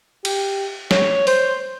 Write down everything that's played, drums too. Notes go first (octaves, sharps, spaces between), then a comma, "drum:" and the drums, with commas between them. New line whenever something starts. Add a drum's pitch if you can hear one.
G4, drum: cymbal
C#5, drum: snare
C5, drum: open hi-hat